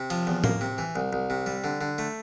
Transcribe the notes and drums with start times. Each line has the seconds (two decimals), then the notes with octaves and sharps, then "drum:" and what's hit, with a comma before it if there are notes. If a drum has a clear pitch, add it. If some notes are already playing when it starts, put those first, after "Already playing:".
Already playing: C3
0.10 F3, drum: cymbal
0.27 E2
0.44 A#3, drum: tom A2
0.61 C3
0.78 E3
0.96 C2
1.13 C2
1.30 C3
1.46 G3
1.64 D3
1.81 D3
1.98 A3